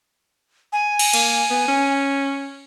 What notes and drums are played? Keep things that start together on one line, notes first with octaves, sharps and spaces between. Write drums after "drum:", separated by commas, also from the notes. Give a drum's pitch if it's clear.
G#5
drum: cymbal
A#3, drum: cymbal
B3
C#4